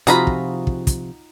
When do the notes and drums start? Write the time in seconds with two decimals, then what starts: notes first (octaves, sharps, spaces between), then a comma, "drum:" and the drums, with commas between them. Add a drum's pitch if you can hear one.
0.07 C3 F3 D#4 F4 F#4 G#4 A#5 B5, drum: hi-hat
0.27 drum: kick
0.67 drum: kick
0.87 drum: kick, hi-hat